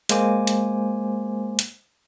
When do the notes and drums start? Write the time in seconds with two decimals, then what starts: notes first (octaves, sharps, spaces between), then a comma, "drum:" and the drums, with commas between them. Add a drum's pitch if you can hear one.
0.09 G#3 A#3 C5 G#5 D6, drum: hi-hat
0.47 drum: hi-hat
1.59 drum: hi-hat